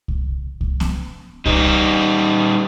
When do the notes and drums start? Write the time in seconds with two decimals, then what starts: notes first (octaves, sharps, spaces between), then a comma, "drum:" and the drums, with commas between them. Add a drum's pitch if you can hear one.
0.08 drum: kick C2
0.61 drum: kick C2
0.80 drum: snare B3
1.46 G3 D#4, drum: kick C2